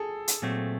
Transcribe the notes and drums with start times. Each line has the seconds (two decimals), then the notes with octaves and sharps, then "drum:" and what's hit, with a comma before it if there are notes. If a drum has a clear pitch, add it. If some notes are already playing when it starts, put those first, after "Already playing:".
Already playing: G#4 A4
0.28 drum: hi-hat
0.42 A#2 F#3 A3 C4